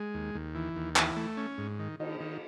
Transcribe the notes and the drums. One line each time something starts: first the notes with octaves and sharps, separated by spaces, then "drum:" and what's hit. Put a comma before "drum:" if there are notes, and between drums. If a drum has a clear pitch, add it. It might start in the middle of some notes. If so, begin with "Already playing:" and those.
Already playing: G#3
D#2
D#2
E3
D#2
E3, drum: clap
A3
C#4
G#2
D#3
D#3, drum: cymbal
D#3